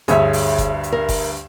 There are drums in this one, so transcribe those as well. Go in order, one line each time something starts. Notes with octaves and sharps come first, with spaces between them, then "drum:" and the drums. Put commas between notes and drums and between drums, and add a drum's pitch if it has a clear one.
D2 G2 G#4 C#5 E5, drum: hi-hat
drum: open hi-hat
drum: kick F#1, hi-hat
drum: hi-hat
A#4
drum: kick F#1, open hi-hat